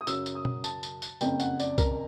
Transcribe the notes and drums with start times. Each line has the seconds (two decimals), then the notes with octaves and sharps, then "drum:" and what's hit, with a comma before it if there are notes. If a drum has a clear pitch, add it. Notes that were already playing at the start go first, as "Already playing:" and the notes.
0.01 D#6
0.07 F#2 C#3 F#3 E6, drum: tambourine
0.26 drum: tambourine
0.35 D#6
0.45 drum: tom B2
0.64 A5, drum: tambourine
0.83 drum: tambourine
1.02 drum: tambourine
1.21 F#1 F2 C#3 G5, drum: tambourine
1.40 F#5, drum: tambourine
1.60 D5, drum: tambourine
1.78 A#4, drum: kick C2, tambourine